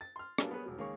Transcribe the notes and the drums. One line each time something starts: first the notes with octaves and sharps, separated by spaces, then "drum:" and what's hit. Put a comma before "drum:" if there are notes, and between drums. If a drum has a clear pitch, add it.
A6
C6 F6
F#3 G3 A#3 B3 D4 G#4, drum: rim click
G3 B3 G#4 A#4 B4 C#5
E1 F#3
C#2 D#3 A#3 G#4 C#5 C#6